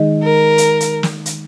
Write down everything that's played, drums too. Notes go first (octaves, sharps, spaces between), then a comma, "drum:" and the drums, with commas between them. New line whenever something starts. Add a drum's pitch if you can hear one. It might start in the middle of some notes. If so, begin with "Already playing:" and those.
Already playing: D#3 G#3 D#4 G#4 D#5
A#4
drum: hi-hat
drum: hi-hat
drum: snare
drum: hi-hat